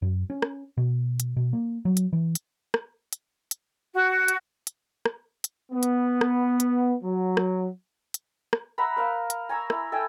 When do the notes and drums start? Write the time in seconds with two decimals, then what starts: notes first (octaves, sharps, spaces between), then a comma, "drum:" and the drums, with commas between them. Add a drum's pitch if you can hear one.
0.02 F#2
0.30 C#4
0.42 drum: rim click
0.77 B2
1.20 drum: hi-hat
1.37 B2
1.53 A#3
1.85 F#3
1.97 drum: hi-hat
2.13 E3
2.35 drum: hi-hat
2.74 drum: rim click
3.13 drum: hi-hat
3.51 drum: hi-hat
3.93 F#4
4.28 drum: hi-hat
4.67 drum: hi-hat
5.06 drum: rim click
5.44 drum: hi-hat
5.72 B3
5.83 drum: hi-hat
6.21 drum: rim click
6.60 drum: hi-hat
7.03 F#3
7.37 drum: rim click
8.14 drum: hi-hat
8.53 drum: rim click
8.78 E5 F#5 A#5 B5
8.96 A#4 C5 F5
9.30 drum: hi-hat
9.49 G#5 A#5 C#6 E6
9.70 E4, drum: rim click
9.92 A4 E5 G5 G#5